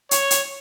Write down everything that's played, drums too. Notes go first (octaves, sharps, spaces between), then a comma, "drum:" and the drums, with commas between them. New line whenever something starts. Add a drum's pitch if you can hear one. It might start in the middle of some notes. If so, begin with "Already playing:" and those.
C#5, drum: hi-hat
drum: hi-hat